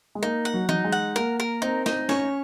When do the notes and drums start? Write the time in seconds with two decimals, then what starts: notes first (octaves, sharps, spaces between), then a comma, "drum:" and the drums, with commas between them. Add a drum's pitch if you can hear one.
0.15 G#3
0.22 A#3 D#4
0.45 F#5
0.54 F#3
0.69 D#4, drum: tom E3
0.84 G#3
0.92 F#5
1.16 A#3 A#4
1.40 A#4
1.62 C4 D#4
1.86 D#4, drum: snare
2.09 C#4 C#5, drum: snare